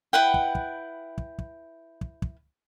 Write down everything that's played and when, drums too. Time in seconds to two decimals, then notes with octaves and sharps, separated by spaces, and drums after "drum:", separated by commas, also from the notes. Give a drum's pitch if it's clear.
0.13 E4 B4 F#5 G5
0.34 drum: kick
0.55 drum: kick
1.18 drum: kick
1.39 drum: kick
2.01 drum: kick
2.22 drum: kick